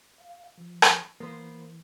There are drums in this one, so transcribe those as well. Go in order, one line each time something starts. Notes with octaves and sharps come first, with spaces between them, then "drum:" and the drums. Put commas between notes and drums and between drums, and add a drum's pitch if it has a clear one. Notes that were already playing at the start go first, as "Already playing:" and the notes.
F5
F3
drum: rim click
E3 A#3 B3 C5